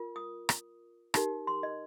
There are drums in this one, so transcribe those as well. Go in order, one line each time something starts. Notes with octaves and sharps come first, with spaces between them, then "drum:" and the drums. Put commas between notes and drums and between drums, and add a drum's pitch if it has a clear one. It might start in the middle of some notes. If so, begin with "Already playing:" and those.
Already playing: F4 A#4
D#6
drum: rim click
D#4 G4 A#4, drum: rim click
C6
D#5